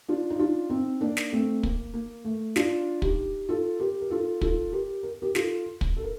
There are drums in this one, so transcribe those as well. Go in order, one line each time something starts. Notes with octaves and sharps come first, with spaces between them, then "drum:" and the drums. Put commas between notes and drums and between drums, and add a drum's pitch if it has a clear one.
D4 F4
D#4
D4 F4
C4 D#4
A#3 D4
drum: snare
A3 C4
A#3, drum: kick
A#3
A3
D4 F4, drum: snare
D#4 G4, drum: kick
F4 A4
G4 A#4
A#4
F4 A4
F4 A4, drum: kick
G4 A#4
A#4
G4 A#4
F4 A4, drum: snare
drum: kick
A4
A#4